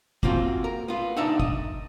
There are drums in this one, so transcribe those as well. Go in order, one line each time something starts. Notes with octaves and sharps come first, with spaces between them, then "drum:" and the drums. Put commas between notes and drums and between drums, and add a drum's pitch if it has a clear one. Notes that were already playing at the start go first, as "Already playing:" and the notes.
A#3 C4 F4 F#4, drum: kick
A#4
B3 F4
D4 D#4 E5 F#5
D#5, drum: kick